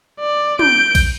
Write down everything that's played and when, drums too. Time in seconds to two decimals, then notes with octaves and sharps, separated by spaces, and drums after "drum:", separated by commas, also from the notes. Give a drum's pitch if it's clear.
0.20 D5
0.59 G6 D7, drum: tom
0.95 drum: kick A#1, cymbal